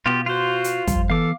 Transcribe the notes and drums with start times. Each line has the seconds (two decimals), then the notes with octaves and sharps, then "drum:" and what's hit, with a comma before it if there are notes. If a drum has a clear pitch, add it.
0.06 B2 B3 F4 G4
0.26 F4 F#4 C5
0.64 drum: hi-hat
0.87 F2 G3, drum: kick, hi-hat
1.10 E3 B3 A4 F5 D6